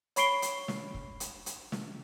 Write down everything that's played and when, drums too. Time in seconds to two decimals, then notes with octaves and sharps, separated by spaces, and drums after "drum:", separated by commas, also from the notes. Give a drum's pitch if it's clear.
0.16 C#5 B5 C#6 C7 D7 G7, drum: hi-hat
0.42 drum: hi-hat
0.68 drum: snare
0.94 drum: kick
1.20 drum: hi-hat
1.46 drum: hi-hat
1.72 drum: snare